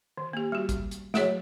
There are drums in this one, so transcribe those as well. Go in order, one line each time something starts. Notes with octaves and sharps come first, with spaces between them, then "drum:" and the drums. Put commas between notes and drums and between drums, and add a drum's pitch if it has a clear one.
D#3
A#3 G4
G3 F#4
drum: kick, hi-hat
drum: hi-hat
F#3 A3 F#4 G#4 C#5, drum: snare